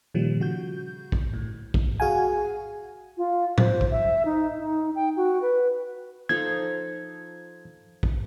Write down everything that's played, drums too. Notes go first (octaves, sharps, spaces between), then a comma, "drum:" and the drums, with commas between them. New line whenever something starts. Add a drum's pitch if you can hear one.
A#2 D#3 F3 G3
C#3 F#4 G6
drum: kick
A2
drum: kick
F#4 G#4 F5 F#5 G#5
F4
C5, drum: tom A2
drum: kick
E5
D#4
D#4
G5
F#4
B4
F3 D#4 A4 G#6
drum: kick